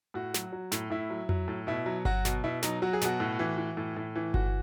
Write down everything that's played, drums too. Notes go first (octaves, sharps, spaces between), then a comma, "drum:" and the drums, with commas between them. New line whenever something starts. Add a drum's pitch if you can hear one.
A2 F#4
F#3, drum: snare
F#3
A2, drum: snare
A2 E4
F#3
F#3, drum: tom F2
A2
B2 E4
F#3
F#3 F#4, drum: kick G1
B2, drum: snare
B2 E4
F#3 D#4, drum: snare
F#3 F#4
G#4
B2 F#4, drum: snare
A2
E3
E3
A2
A2
E3
E3 F#4, drum: kick G1